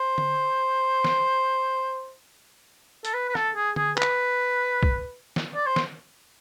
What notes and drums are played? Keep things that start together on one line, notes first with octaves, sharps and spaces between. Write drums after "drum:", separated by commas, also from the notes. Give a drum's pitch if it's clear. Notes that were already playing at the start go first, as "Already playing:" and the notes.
Already playing: C5
drum: tom D3
drum: snare
A4, drum: hi-hat
B4
B4
A4, drum: rim click
G#4
G#4, drum: tom D3
B4, drum: clap
drum: kick
drum: snare
D5
C5
drum: snare